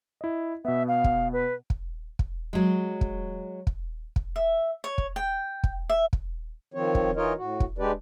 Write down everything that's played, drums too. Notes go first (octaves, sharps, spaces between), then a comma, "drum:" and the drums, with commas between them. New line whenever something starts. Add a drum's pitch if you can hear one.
E4 D#5
B2 B3 E5
F5
drum: kick
B4
drum: kick
drum: kick
F#3 G#3
drum: kick
drum: kick
drum: kick
E5
C#5
drum: kick
G5
drum: kick
E5
drum: kick
D#3 F3 C4 C#5
drum: kick
E3 D#4 F4 A#4 C#5 D#5
A2 F#4
drum: kick
G#3 D4 G4 B4 D5